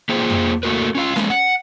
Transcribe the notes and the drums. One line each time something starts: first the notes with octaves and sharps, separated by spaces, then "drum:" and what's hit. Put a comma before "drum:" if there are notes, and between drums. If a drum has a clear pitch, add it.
A#3 F4 G4 G#4 C5
drum: tom F2
A3 A#3 F#4 A#4 B4
C#4 F4 F5
G#3 A#3 B3, drum: snare C#4
F#5